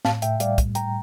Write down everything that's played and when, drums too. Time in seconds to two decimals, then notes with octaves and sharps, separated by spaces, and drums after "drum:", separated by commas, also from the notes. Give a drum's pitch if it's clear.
0.05 A2 F5 A5, drum: snare
0.22 A2 E5 G5, drum: hi-hat
0.40 G3 D5 F5, drum: hi-hat
0.58 A2, drum: kick, hi-hat
0.75 A2 G5 A#5, drum: hi-hat